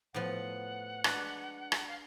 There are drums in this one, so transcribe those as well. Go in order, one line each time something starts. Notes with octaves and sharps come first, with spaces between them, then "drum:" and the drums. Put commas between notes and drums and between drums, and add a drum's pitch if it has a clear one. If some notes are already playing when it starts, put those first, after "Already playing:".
A2 F3 B3 F#5
G#3 D4 F#4 B4 D5, drum: rim click
drum: rim click
F5